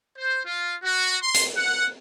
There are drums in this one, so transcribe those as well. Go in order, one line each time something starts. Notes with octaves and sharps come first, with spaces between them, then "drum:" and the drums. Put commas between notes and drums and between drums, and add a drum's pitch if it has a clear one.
C5
F4
F#4
C6
drum: hi-hat
F#5